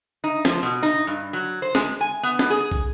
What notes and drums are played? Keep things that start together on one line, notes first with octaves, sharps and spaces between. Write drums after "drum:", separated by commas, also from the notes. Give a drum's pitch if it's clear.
D#4
F3, drum: snare
B2
D#4
G2
F#3
C5
G#3, drum: snare
G#5
B3
drum: snare
G#4
drum: kick